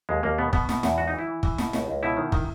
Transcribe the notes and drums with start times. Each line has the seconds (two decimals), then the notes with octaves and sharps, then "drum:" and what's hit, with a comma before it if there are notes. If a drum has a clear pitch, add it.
0.09 D#2 G#3
0.23 D#2 A#3
0.38 B2 B3
0.53 B2 B3, drum: kick
0.69 B2, drum: snare
0.83 E2, drum: snare
0.98 G#2 F#4
1.08 D#4
1.13 E3
1.19 E4
1.27 E3
1.43 E3, drum: kick
1.58 B2, drum: snare
1.73 C#2, drum: snare
1.88 C#2
2.03 B2 E4
2.17 D#3
2.32 D#3, drum: kick